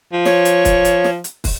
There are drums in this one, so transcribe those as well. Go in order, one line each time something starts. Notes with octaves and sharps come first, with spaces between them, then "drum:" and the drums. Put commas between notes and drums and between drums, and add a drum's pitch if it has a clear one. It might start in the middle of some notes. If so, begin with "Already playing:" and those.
F3
C#5, drum: snare
drum: hi-hat
drum: kick, hi-hat
drum: hi-hat
drum: snare
drum: hi-hat
drum: kick, open hi-hat